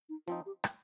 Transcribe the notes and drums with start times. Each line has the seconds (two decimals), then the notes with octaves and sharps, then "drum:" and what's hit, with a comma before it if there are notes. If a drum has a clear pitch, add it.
0.09 D#4
0.27 F3 C4 D#4 F4
0.46 G4
0.64 drum: rim click